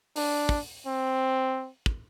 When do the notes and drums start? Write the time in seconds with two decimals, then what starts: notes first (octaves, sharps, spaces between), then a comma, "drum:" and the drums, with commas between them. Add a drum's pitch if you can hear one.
0.16 D4, drum: open hi-hat
0.49 drum: kick
0.87 C4
1.86 drum: kick